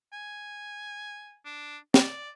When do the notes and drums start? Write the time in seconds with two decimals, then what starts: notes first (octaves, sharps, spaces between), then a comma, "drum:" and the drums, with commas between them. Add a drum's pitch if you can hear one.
0.13 G#5
1.45 D4
1.94 D5, drum: snare